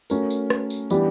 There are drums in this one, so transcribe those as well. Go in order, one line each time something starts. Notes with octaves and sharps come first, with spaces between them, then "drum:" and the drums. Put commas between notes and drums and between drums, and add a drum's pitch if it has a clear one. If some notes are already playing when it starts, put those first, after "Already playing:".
A3 C#4 F#4 A#4, drum: tambourine
drum: tambourine
drum: rim click
drum: tambourine
E3 G3 B3 D4 G4, drum: tambourine